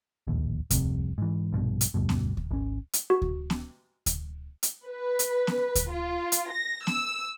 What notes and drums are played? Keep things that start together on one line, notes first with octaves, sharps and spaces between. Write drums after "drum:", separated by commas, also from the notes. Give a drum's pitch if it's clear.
D1 A#1 D#2
C2 F2 C3, drum: kick D2, hi-hat
G#2 E3
A#1 G2 B2
drum: hi-hat
E1 D2 G2 B2
drum: snare B3
drum: kick D2
G#1 C#4
drum: hi-hat
F#4
drum: kick D2
drum: snare B3
drum: kick D2, hi-hat
drum: hi-hat
B4
drum: hi-hat
drum: snare B3
drum: kick D2, hi-hat
F4
drum: hi-hat
A#6
E6, drum: snare B3